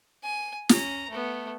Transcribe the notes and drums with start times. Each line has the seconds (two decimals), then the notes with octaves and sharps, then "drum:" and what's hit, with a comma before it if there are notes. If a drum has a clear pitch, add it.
0.23 G#5
0.69 C#4 A#5, drum: snare
1.10 A3 B3